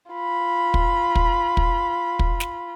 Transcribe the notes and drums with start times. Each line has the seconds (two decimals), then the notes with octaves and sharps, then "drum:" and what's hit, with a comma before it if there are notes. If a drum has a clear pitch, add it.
0.12 F4 B5
0.74 drum: kick
1.15 drum: kick
1.57 drum: kick
2.19 drum: kick
2.40 drum: snare